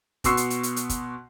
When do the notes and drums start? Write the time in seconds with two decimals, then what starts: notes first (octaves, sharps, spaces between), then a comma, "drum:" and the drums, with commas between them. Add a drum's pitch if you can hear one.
0.24 B2 B3 C6 C#6 E6 C7, drum: kick, hi-hat
0.37 drum: hi-hat
0.50 drum: hi-hat
0.63 drum: hi-hat
0.76 drum: hi-hat
0.89 drum: kick, hi-hat